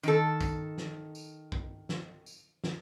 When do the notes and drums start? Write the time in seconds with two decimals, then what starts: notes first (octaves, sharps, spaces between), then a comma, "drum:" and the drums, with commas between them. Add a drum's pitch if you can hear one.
0.03 D#3 A4, drum: tambourine
0.41 drum: kick, tambourine
0.78 drum: snare
1.15 drum: tambourine
1.52 drum: kick
1.89 drum: snare
2.26 drum: tambourine
2.64 drum: snare